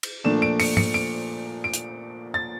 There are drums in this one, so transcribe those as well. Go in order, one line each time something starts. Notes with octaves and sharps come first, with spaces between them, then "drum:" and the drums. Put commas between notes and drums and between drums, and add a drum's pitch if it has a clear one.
drum: cymbal
A#2 F3 A3 D4 E7
D7
C#7, drum: open hi-hat
C#7, drum: tom
D7
D7
drum: hi-hat
A6